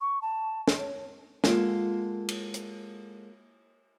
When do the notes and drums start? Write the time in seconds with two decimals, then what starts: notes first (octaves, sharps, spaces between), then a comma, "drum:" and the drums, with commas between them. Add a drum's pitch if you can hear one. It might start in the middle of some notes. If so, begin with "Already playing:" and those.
0.01 C#6
0.22 A5
0.68 drum: snare
0.77 C#5
1.44 G#3 A#3 F4 F#4 A4, drum: snare
2.29 drum: cymbal
2.54 drum: hi-hat